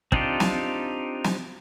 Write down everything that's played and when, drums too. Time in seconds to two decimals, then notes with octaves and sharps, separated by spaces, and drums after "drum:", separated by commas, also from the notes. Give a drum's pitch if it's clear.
0.12 C4 D4 D#4 F4 G4, drum: kick
0.40 drum: snare
1.24 drum: snare